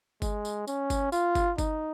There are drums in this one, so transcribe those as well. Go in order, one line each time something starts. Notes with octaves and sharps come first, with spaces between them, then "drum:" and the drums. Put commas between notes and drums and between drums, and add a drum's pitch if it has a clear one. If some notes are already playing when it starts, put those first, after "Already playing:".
G#3, drum: kick G1, tambourine
drum: tambourine
C#4, drum: tambourine
drum: kick G1, tambourine
F4, drum: tambourine
drum: kick G1, tambourine
D#4, drum: kick G1, tambourine